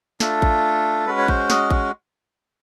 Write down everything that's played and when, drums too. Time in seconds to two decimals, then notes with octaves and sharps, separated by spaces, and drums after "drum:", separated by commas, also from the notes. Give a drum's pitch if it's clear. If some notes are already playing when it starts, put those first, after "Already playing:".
0.20 A3 D4 F4 A4, drum: snare
0.42 drum: kick A1
1.06 G#3 C#4 F#4 B4
1.18 C#5
1.28 C5, drum: kick A1
1.50 D#5, drum: snare
1.70 drum: kick A1